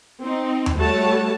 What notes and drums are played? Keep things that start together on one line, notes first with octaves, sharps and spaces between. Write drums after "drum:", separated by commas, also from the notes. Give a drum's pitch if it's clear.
C4 D#4
drum: tom D#2
G3 A3 F#4 C#5 A5